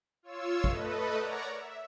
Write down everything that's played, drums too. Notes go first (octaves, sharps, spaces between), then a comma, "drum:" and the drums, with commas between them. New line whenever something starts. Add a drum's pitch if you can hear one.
F4 C#5 E6
A3 A4 B4 D#5, drum: kick
A#4 C#5 D5 F#5 A#5
E5